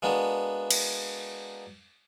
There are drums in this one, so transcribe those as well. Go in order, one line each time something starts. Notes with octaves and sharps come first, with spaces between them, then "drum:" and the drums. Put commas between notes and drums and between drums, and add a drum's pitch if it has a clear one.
G#3 A#3 B3 D4 F#4
drum: cymbal